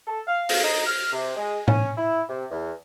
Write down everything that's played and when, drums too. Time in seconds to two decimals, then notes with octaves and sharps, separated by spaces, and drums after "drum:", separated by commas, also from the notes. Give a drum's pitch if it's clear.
0.07 A4
0.27 F5
0.49 drum: open hi-hat
0.64 D#4
0.86 F6
1.12 C3
1.37 G#3
1.68 C#4, drum: tom A2
1.97 E4
2.29 C3
2.51 E2